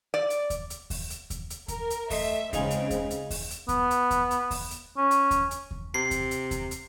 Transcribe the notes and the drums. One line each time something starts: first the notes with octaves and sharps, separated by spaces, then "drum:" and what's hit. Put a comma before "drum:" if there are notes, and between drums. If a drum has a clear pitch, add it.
D5
drum: hi-hat
drum: kick D#2, hi-hat
drum: hi-hat
drum: kick D#2, open hi-hat
drum: hi-hat
drum: kick D#2, hi-hat
drum: hi-hat
A#4, drum: kick D#2, hi-hat
drum: hi-hat
A3 D#5 E5 C6, drum: kick D#2, open hi-hat
C#3 G#3 C4 D#4 F4 G#4, drum: kick D#2, hi-hat
drum: hi-hat
drum: kick D#2, hi-hat
drum: hi-hat
drum: kick D#2, open hi-hat
drum: hi-hat
B3, drum: kick D#2, hi-hat
drum: hi-hat
drum: kick D#2, hi-hat
drum: hi-hat
drum: kick D#2, open hi-hat
drum: hi-hat
C#4
drum: hi-hat
drum: kick D#2, hi-hat
drum: hi-hat
drum: kick D#2
C3 C7
drum: kick D#2, hi-hat
drum: hi-hat
drum: kick D#2, hi-hat
drum: hi-hat